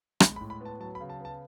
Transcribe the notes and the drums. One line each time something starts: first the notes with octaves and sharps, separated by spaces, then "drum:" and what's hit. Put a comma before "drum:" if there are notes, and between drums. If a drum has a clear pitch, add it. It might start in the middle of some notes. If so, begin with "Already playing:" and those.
G#3 B5, drum: rim click
B5
A2
B5
B3 A5
F#3 A5
B5
C#3
A5
B3 A5